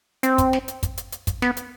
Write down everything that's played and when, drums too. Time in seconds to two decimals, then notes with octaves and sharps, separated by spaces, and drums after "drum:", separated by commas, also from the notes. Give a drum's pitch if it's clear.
0.23 C4, drum: hi-hat
0.38 drum: kick, hi-hat
0.53 drum: snare
0.68 drum: hi-hat
0.83 drum: kick, hi-hat
0.97 drum: hi-hat
1.12 drum: hi-hat
1.27 drum: kick, hi-hat
1.42 B3, drum: snare
1.57 drum: hi-hat